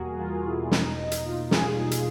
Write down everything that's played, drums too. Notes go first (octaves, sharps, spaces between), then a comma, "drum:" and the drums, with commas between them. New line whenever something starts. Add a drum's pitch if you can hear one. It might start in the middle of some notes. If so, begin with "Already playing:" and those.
Already playing: E2 B2 G3 A#3 F#4 G#4 A#4
F#4
E2 F4
B2 E4
E2 D#4, drum: snare
B2
drum: hi-hat
A#3 F4
G3 G#4, drum: snare
E2
drum: hi-hat